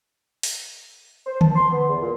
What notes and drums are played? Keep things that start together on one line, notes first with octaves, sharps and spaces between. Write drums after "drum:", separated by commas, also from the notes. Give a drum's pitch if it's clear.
drum: open hi-hat
C5
A5, drum: tom D3
C6
B3
E2
A#2